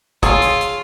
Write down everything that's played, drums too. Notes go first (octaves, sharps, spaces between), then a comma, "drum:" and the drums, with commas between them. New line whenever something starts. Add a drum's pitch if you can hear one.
F4 G#4 A4 C#5, drum: kick, hi-hat
drum: hi-hat
drum: hi-hat